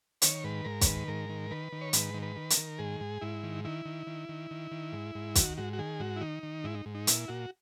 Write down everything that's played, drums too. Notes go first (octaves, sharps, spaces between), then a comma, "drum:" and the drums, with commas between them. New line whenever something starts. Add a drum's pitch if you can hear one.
D#3 C#5, drum: hi-hat
G#2 B4
G#2 A#4
C#5, drum: kick, hi-hat
D#3 B4
G#2 A#4
D#3
D#3 B4
D#3
C#5
G#2 B4, drum: hi-hat
D#3
B4
D#3
A#4, drum: hi-hat
D#3
G#2 G#4
G#2
G#2 E4
D#3
D#3 E4
D#3
D#3
D#3
D#3
D#3
G#2
G#2
D#3 F#4, drum: kick, hi-hat
G#2 F#4
F#4
D#3 G#4
G#2 F#4
E4
D#3 D#4
D#3
G#2 E4
D#4
G#2
D#4
A#2 E4, drum: hi-hat
A#2 F#4